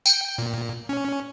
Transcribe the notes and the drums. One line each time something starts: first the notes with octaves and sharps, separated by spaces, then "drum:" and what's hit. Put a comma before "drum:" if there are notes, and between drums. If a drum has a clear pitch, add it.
G5, drum: tambourine
A#2
C#4